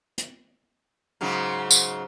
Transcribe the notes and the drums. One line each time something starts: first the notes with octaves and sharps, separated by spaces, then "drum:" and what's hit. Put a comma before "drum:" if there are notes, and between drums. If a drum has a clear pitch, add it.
drum: hi-hat
G#2 C#3 F#3
drum: tambourine